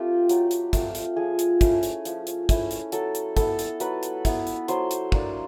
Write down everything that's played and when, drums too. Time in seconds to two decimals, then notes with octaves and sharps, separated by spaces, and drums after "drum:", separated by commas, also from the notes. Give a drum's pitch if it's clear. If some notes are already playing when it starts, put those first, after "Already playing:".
Already playing: A3 C4 F4 G4
0.29 F#3, drum: hi-hat
0.51 drum: hi-hat
0.73 A3 C4 F4, drum: kick, hi-hat
0.95 drum: hi-hat
1.16 F3 G#4
1.39 drum: hi-hat
1.61 A3 C#4 E4, drum: kick, hi-hat
1.83 drum: hi-hat
2.05 F3, drum: hi-hat
2.27 drum: hi-hat
2.49 A3 C#4 E4, drum: kick, hi-hat
2.71 drum: hi-hat
2.92 F#3 A4, drum: hi-hat
3.15 drum: hi-hat
3.37 B3 E4 A4, drum: kick, hi-hat
3.59 drum: hi-hat
3.80 F#3 B4, drum: hi-hat
4.03 drum: hi-hat
4.25 B3 E4, drum: kick, hi-hat
4.47 drum: hi-hat
4.68 F#3 C5, drum: hi-hat
4.91 drum: hi-hat
5.12 A#3 D4, drum: kick